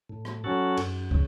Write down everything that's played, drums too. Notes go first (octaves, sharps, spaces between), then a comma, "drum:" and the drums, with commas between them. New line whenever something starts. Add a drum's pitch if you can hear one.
A2
drum: rim click
F#3 C#4 F#4 A4
F#2, drum: cymbal
C#3, drum: kick